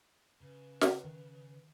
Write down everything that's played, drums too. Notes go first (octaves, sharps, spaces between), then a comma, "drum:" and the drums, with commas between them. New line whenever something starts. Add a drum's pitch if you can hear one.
C#3 B4
drum: snare
D#3